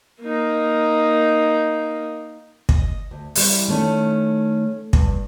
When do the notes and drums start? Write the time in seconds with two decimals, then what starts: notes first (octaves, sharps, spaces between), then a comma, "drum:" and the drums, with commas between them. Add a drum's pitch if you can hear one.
0.21 A#3 D#4
2.69 D#5, drum: kick
3.11 D2
3.35 E3 G3 C4, drum: open hi-hat
3.68 D#3 A3 C#4
4.93 G2, drum: kick